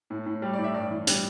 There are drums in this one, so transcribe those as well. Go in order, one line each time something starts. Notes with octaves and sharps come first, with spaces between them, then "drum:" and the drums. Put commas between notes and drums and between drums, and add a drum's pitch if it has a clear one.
A2
A2
G3 G4
D5
A2
E5
G2 D5
E3
G3, drum: hi-hat